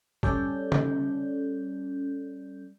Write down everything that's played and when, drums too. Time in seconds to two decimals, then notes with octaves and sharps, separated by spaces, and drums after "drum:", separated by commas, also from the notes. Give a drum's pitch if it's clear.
0.23 G3 C#4 A4 D5 G6, drum: kick
0.72 drum: tom